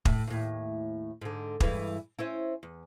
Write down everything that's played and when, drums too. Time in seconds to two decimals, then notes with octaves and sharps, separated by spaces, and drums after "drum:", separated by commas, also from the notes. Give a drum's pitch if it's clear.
0.05 A2, drum: kick
0.28 D#2 A2
1.22 G#2 D3
1.60 G2 E3 G#3, drum: kick
2.19 C4 C#4 E4
2.63 E2